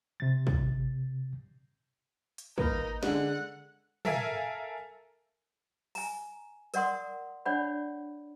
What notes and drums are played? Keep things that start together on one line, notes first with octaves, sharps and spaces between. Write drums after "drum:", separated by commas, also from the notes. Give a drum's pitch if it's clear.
C3 A6
drum: kick
drum: hi-hat
A#3 D#4 A#4 B4, drum: kick
D3 G#3 D4 F#5, drum: snare
A4 A#4 E5 F5 G#5, drum: tom
G#5 A#5, drum: open hi-hat
A#4 D5 F#5 C6 D#6, drum: hi-hat
D4 C#5 D5 F#5 B5